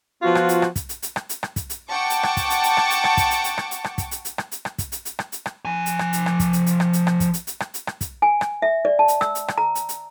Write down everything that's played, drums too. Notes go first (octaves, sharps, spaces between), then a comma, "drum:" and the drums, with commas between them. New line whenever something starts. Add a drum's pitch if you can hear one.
F3 B3 F4 F#4
drum: rim click
drum: hi-hat
drum: rim click
drum: kick, hi-hat
drum: hi-hat
drum: hi-hat
drum: rim click
drum: hi-hat
drum: rim click
drum: kick, hi-hat
drum: hi-hat
F#5 G5 A5 C#6 D6
drum: hi-hat
drum: rim click
drum: kick, hi-hat
drum: hi-hat
drum: hi-hat
drum: rim click
drum: hi-hat
drum: rim click
drum: kick, hi-hat
drum: hi-hat
drum: hi-hat
drum: rim click
drum: hi-hat
drum: rim click
drum: kick, hi-hat
drum: hi-hat
drum: hi-hat
drum: rim click
drum: hi-hat
drum: rim click
drum: kick, hi-hat
drum: hi-hat
drum: hi-hat
drum: rim click
drum: hi-hat
drum: rim click
F3 G#5
drum: hi-hat
drum: rim click
drum: hi-hat
drum: rim click
drum: kick, hi-hat
drum: hi-hat
drum: hi-hat
drum: rim click
drum: hi-hat
drum: rim click
drum: kick, hi-hat
drum: hi-hat
drum: hi-hat
drum: rim click
drum: hi-hat
drum: rim click
drum: kick, hi-hat
G#5
drum: rim click
E5
D5
A5
drum: hi-hat
E6, drum: rim click
drum: hi-hat
drum: rim click
A#5
drum: hi-hat
drum: hi-hat